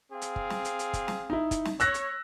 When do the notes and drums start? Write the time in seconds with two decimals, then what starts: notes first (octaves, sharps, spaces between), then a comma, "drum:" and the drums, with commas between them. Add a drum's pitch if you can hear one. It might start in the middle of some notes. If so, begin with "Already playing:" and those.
0.12 C4 G#4 F5
0.21 drum: hi-hat
0.36 drum: kick
0.50 drum: snare
0.65 drum: hi-hat
0.79 drum: hi-hat
0.93 drum: kick, hi-hat
1.08 drum: snare
1.30 D#4 E4
1.51 drum: kick, hi-hat
1.65 drum: snare
1.80 C#5 E6 F#6 A#6, drum: hi-hat
1.94 drum: hi-hat